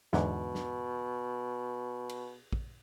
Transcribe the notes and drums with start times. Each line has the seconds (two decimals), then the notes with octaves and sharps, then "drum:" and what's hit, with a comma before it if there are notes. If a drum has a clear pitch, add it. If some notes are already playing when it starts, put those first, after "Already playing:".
0.13 E2 G#2 B2 D3, drum: snare
0.55 drum: snare
2.09 drum: cymbal
2.53 drum: kick